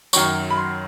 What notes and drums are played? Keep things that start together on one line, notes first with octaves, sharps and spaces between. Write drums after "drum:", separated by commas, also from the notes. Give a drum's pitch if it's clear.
F#2 D#3 F#3 C#6, drum: tambourine
B5
C6